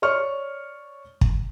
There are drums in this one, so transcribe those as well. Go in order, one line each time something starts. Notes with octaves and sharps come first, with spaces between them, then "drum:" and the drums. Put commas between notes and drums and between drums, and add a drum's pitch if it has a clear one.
C#5 D5 C#6 F6
drum: kick